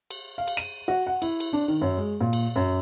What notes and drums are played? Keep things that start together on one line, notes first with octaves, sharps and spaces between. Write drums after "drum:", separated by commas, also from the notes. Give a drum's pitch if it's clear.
drum: cymbal
F5
drum: cymbal
D#7
F#4
F#5
E4, drum: cymbal
drum: cymbal
D4
D#3
F#2
G#3
A#2
drum: cymbal
F#2